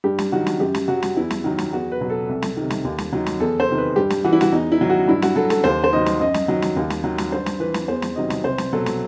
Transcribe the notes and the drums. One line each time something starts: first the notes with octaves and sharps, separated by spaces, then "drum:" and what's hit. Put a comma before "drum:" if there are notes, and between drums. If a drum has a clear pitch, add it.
G2 G4
drum: snare
D#3 F#3 F#4
drum: snare
F#2 G4
drum: snare
F#3 F#4
drum: snare
E2 E4
drum: snare
D#3 F#3 D#4
drum: snare
E2 F#4
B4
B2 F#3
A4
C2
drum: snare
C3 D#3
drum: snare
D#2
drum: snare
D#3 F#3
drum: snare
E2 A4
C5
C3 D#3
B4
G2 G4
drum: snare
E3 F#4
E4
F#4, drum: snare
E2 D#4
E4
D#3 F#3
F#4
G2 E4
F#4, drum: snare
F#3 A4
A4, drum: snare
D#2 C5
C5
D#3 F#3 D#5
drum: snare
F#2 D#5
drum: snare
D#3 F#3
drum: snare
D#2
drum: snare
D#3 F#3
drum: snare
G2 C5
drum: snare
E3 B4
drum: snare
E2 C5
drum: snare
C3 D#3 F#3 D#5
drum: snare
C2 C5
drum: snare
B2 F#3 A4
drum: snare